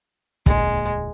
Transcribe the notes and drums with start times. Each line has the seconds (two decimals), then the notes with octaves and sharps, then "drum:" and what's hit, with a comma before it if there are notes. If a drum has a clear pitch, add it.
0.46 E1 D2 A#2 G#3, drum: kick